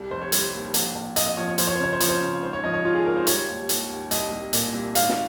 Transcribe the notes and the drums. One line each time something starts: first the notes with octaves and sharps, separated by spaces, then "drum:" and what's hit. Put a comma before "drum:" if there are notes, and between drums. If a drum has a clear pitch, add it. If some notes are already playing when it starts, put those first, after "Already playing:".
Already playing: C2 G3
F1 C5
C#5
G3, drum: hi-hat
D#2
A#1, drum: hi-hat
A#1
A#1 D#5, drum: hi-hat
D#5
F3 C#5
C#5
F3 C5, drum: hi-hat
C#5
C5
C#3 C#5
C5
F3 C#5, drum: hi-hat
C5
C#3
G#1 C5
C#5
F3 D#5
C#5
G#1 F4
G#4
G#1 A#4
C5
G3 C#5, drum: hi-hat
D#2
D#2, drum: hi-hat
D#2
C2 D#5, drum: hi-hat
C2
A#2, drum: hi-hat
C2
G#1 F5, drum: hi-hat
drum: snare